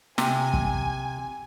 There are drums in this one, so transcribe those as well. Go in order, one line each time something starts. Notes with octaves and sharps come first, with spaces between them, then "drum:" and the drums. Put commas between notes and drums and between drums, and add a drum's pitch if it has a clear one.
C3 G#5, drum: snare
drum: kick